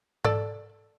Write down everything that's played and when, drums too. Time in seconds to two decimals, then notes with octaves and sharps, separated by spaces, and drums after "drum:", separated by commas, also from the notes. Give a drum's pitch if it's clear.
0.25 A4 D5, drum: tom G#2